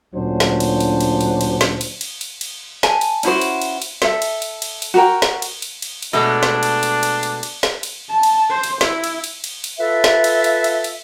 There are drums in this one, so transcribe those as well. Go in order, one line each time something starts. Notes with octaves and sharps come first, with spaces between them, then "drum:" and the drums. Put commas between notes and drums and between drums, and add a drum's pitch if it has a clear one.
D2 A#2 F#3 C#4 D4 C5
drum: snare
drum: cymbal
drum: cymbal
drum: cymbal
drum: cymbal
drum: cymbal
drum: snare
drum: cymbal
drum: cymbal
drum: cymbal
drum: cymbal
G#5 A5, drum: snare
drum: cymbal
C#4 E4 F#4 C5, drum: cymbal
drum: cymbal
drum: cymbal
drum: cymbal
A4 E5, drum: snare
drum: cymbal
drum: cymbal
drum: cymbal
drum: cymbal
F#4 A#4 G5
drum: snare
drum: cymbal
drum: cymbal
drum: cymbal
drum: cymbal
B2 G#3 A3 D4
drum: snare
drum: cymbal
drum: cymbal
drum: cymbal
drum: cymbal
drum: cymbal
drum: snare
drum: cymbal
A5
drum: cymbal
C5
drum: cymbal
E4, drum: snare
drum: cymbal
drum: cymbal
drum: cymbal
drum: cymbal
F4 A4 B4 E5
drum: snare
drum: cymbal
drum: cymbal
drum: cymbal
drum: cymbal